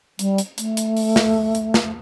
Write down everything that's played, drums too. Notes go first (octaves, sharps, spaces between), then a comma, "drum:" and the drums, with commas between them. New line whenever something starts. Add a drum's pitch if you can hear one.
G3, drum: hi-hat
drum: hi-hat
A3, drum: hi-hat
drum: hi-hat
drum: open hi-hat
drum: snare
drum: hi-hat
drum: snare